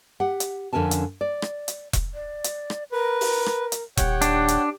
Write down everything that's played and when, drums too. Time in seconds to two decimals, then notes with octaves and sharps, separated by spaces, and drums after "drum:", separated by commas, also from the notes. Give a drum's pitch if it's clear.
0.20 G4 F#5
0.40 drum: hi-hat
0.73 F2 D3 C#4 A#4 G#5 A5
0.91 drum: hi-hat
1.21 D5
1.42 drum: rim click
1.68 drum: hi-hat
1.93 drum: kick E1, hi-hat
2.14 D5
2.44 drum: hi-hat
2.70 drum: rim click
2.92 A#4 B4
3.21 drum: open hi-hat
3.46 drum: rim click
3.72 drum: hi-hat
3.97 D#1 G4 C#5 F#5 G5, drum: kick E1, hi-hat
4.21 D4, drum: hi-hat
4.48 drum: hi-hat